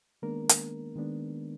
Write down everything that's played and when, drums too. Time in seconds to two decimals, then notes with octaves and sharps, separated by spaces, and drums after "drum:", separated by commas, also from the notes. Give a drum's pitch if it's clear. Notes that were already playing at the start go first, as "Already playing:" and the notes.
0.22 D#3 G#3 A#3 B3 D4 A#4
0.49 drum: hi-hat
0.96 D#3 G#3 B3 D4